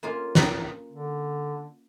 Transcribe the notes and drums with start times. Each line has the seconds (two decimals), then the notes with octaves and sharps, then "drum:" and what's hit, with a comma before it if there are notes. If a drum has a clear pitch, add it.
0.03 A#3 C#4 F4
0.35 drum: snare
0.91 D3